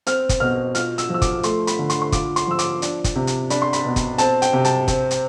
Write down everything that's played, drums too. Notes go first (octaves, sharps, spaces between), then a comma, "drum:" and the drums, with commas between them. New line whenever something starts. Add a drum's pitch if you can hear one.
C4 F6, drum: hi-hat
drum: kick, hi-hat
B2 F6
F4 F6, drum: hi-hat
E6, drum: hi-hat
F3 E6
D6, drum: kick, hi-hat
A3 C6, drum: hi-hat
B5, drum: hi-hat
D3
C6, drum: hi-hat
C6
F4 D6, drum: kick, hi-hat
C6, drum: hi-hat
F3 E6
D6, drum: hi-hat
D4, drum: hi-hat
drum: kick, hi-hat
C3
drum: hi-hat
D4 B5, drum: hi-hat
C6
B5, drum: hi-hat
B2
drum: kick, hi-hat
C4 A5, drum: hi-hat
G5, drum: hi-hat
C3
A5, drum: hi-hat
C4, drum: kick, hi-hat
drum: hi-hat